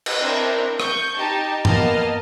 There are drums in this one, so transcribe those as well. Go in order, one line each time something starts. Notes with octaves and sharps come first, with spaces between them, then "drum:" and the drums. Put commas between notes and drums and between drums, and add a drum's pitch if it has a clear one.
drum: cymbal
C4 D4 E4 A#4
C#6 G6, drum: rim click
D#4 G4 A5
A#3 B3 D#5 A5 F6, drum: tom G2